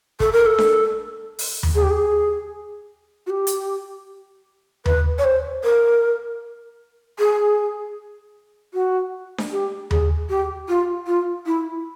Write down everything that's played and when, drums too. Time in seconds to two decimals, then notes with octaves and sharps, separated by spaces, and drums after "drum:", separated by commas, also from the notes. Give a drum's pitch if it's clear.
0.20 A4, drum: kick
0.33 A#4
0.46 A4
0.58 drum: snare D4
1.39 drum: open hi-hat
1.63 drum: tom D#2
1.75 G#4
1.83 G4
1.91 G#4
3.27 F#4
3.30 G4
3.47 drum: hi-hat
4.86 B4, drum: tom D#2
5.18 C#5
5.25 C5
5.64 A#4
7.19 G#4
8.74 F#4
9.38 drum: snare D4
9.52 G4
9.91 G#4, drum: tom D#2
10.30 G4
10.68 F4
11.07 F4
11.46 E4